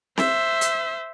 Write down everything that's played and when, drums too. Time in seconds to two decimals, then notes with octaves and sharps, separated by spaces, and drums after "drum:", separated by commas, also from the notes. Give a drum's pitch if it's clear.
0.17 C5 E5, drum: snare C4
0.61 drum: hi-hat